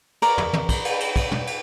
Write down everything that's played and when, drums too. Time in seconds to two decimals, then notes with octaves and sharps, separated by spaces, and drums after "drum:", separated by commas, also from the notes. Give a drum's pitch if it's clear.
0.22 A#4 D5 A#5 C#6, drum: cymbal
0.38 drum: tom
0.53 drum: tom
0.69 drum: kick, cymbal
0.85 drum: cymbal
1.00 drum: cymbal
1.16 drum: kick, cymbal
1.31 drum: tom
1.47 drum: cymbal